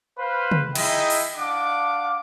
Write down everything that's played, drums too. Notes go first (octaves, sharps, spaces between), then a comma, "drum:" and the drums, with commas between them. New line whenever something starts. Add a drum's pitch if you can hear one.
B4 C5 F5
drum: tom
D#4 E4 G#4 D#5 E5 G5, drum: cymbal
drum: open hi-hat
D4 F5 F#5 D6